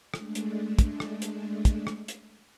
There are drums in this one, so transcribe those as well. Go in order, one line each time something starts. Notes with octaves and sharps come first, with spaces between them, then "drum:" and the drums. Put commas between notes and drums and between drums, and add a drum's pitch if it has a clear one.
G#3 A3 D4, drum: rim click
drum: hi-hat
drum: kick, hi-hat
drum: rim click
drum: hi-hat
drum: kick, hi-hat
drum: rim click
drum: hi-hat